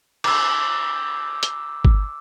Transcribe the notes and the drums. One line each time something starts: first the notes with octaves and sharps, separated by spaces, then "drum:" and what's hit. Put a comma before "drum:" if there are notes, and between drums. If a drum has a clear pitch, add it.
D6 E6, drum: cymbal
drum: hi-hat
drum: kick G1